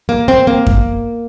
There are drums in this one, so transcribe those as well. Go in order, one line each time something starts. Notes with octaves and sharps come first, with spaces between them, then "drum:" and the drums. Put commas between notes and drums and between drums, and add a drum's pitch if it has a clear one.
A#3
C4
A#3
drum: kick F#2